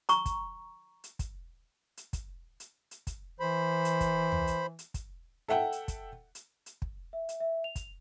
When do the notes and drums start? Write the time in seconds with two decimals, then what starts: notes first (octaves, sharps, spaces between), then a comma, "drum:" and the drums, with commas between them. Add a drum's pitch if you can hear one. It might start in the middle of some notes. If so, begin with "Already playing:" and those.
0.09 A#5 C#6, drum: hi-hat
0.26 drum: kick, hi-hat
1.04 drum: hi-hat
1.19 drum: kick, hi-hat
1.97 drum: hi-hat
2.13 drum: kick, hi-hat
2.60 drum: hi-hat
2.91 drum: hi-hat
3.07 drum: kick, hi-hat
3.40 E3 C5 B5
3.85 drum: hi-hat
4.01 drum: kick, hi-hat
4.32 drum: tom
4.47 drum: hi-hat
4.79 drum: hi-hat
4.94 drum: kick, hi-hat
5.48 A4 E5 F#5 G5
5.72 drum: hi-hat
5.88 drum: kick, hi-hat
6.35 drum: hi-hat
6.66 drum: hi-hat
6.82 drum: kick
7.13 E5
7.29 drum: hi-hat
7.40 E5
7.64 F7
7.76 drum: kick, hi-hat